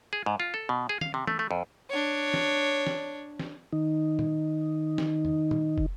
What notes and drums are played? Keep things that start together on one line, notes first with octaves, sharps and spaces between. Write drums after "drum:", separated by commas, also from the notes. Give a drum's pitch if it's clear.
G#4
G#2
F4
A4
B2
G#4
F5, drum: tom
C3
A3, drum: tom E3
A3
F2
D4 C#5
drum: snare
drum: snare
drum: snare
D#3 D#4
drum: tom
drum: snare
drum: tom E2
drum: tom
drum: kick